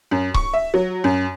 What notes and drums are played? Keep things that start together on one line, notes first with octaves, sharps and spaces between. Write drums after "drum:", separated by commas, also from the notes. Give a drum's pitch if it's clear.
F#2
C#6, drum: kick C#1
E5
F#3
F#2